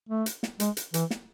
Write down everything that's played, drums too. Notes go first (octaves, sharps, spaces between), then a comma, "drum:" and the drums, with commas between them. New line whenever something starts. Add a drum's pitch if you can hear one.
A3
drum: hi-hat
drum: snare
G#3, drum: hi-hat
drum: hi-hat
E3, drum: hi-hat
drum: snare